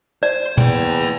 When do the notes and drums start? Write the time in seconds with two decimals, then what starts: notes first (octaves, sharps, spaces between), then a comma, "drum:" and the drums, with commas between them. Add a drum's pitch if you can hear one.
0.23 C5 D5
0.58 E2 A#3 G5, drum: tom